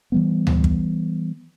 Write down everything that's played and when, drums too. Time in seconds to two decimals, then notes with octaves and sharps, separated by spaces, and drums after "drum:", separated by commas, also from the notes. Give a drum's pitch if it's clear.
0.12 E3 G3 B3
0.47 drum: tom D2
0.64 drum: kick